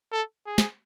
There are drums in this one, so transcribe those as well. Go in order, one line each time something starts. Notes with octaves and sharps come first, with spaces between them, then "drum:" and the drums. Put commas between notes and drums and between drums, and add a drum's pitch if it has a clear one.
A4
G#4
drum: snare